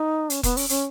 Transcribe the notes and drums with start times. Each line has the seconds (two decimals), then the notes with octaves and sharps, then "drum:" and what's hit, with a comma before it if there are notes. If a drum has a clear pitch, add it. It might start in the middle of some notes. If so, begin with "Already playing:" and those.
Already playing: D#4
0.30 C#4, drum: hi-hat
0.43 B3, drum: kick E1, hi-hat
0.57 C#4, drum: open hi-hat
0.69 C#4, drum: hi-hat